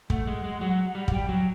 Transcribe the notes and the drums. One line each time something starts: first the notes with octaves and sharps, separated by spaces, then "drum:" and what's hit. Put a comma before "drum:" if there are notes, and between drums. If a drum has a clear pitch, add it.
A3 F#5, drum: kick
G#3
G#3
F#3
G3
F#5, drum: kick
G3 G5
F#3